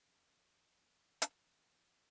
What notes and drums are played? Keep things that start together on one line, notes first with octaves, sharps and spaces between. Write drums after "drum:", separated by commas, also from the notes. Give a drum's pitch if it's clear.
E2 D3 F3 C4
drum: hi-hat